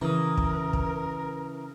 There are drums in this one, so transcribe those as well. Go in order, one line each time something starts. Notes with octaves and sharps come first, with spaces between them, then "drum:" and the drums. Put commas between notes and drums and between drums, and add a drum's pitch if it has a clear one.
C#3 E3 A#4 A#5 D#6
drum: kick
drum: kick